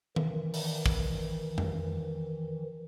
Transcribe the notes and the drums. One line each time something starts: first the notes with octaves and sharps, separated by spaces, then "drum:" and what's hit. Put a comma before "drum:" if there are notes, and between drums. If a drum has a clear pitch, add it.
D#3 E3, drum: tom D#3
drum: open hi-hat
drum: kick
drum: tom F2